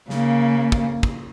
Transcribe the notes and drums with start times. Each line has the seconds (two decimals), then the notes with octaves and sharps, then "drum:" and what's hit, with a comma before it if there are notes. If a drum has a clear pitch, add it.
0.10 C#3 A#3, drum: snare
0.72 drum: kick
1.03 drum: kick